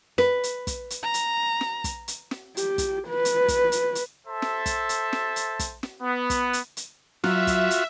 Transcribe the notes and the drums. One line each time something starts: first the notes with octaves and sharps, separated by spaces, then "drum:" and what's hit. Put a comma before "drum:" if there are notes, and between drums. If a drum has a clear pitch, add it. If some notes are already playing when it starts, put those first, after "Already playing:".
B4, drum: snare
drum: hi-hat
drum: kick, hi-hat
drum: hi-hat
A#5
drum: hi-hat
drum: snare
drum: kick, hi-hat
drum: hi-hat
drum: snare
G4, drum: hi-hat
drum: kick, hi-hat
B4
drum: hi-hat
drum: kick, hi-hat
drum: hi-hat
drum: hi-hat
A4 C5 E5 A5
drum: snare
drum: kick, hi-hat
drum: hi-hat
drum: snare
drum: hi-hat
drum: kick, hi-hat
drum: snare
B3
drum: kick, hi-hat
drum: hi-hat
drum: hi-hat
F#3 F4 F#4 E5, drum: snare
drum: kick, hi-hat
drum: hi-hat